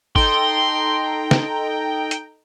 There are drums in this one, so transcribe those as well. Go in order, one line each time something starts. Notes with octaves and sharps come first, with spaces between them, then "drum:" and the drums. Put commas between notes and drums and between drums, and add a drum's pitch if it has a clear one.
D#4 A4 G5 A#5 C6, drum: kick
drum: snare
drum: hi-hat